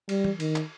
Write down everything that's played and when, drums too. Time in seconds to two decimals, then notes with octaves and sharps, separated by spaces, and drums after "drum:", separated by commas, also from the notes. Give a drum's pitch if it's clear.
0.09 G3, drum: cymbal
0.24 drum: tom
0.40 D#3, drum: cymbal
0.56 drum: clap